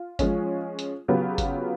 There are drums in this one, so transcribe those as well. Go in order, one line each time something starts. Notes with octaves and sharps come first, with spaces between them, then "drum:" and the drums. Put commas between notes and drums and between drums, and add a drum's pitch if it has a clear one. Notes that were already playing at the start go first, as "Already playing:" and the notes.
Already playing: F4
F3 G#3 C#4, drum: kick G1, hi-hat
drum: hi-hat
C#3 F#3 B3 F4 G4
drum: kick G1, hi-hat